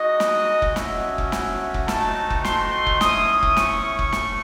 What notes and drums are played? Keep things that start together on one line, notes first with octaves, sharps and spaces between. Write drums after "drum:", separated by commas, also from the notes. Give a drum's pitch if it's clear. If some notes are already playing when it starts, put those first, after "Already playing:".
Already playing: G#3 D#4 F#4 D#5
drum: snare
drum: kick F1
A3 C#4 F#4 E5, drum: snare
drum: kick F1
drum: snare
drum: kick F1
A3 C4 D#4 F#4 A5, drum: snare
drum: kick F1
C6, drum: snare
drum: kick F1
A3 C#4 E4 D#6, drum: snare
drum: kick F1
C#6, drum: snare
C#6
drum: kick F1
A3, drum: snare